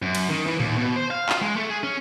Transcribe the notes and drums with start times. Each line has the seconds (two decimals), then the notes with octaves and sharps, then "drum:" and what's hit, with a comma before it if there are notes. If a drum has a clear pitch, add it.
0.02 F#2
0.15 drum: cymbal
0.29 D#3
0.46 E3
0.60 D#2, drum: tom A2
0.78 B2
0.96 C5
1.10 F5
1.29 F4, drum: clap
1.42 G#3
1.56 A3
1.69 G#4
1.83 C#4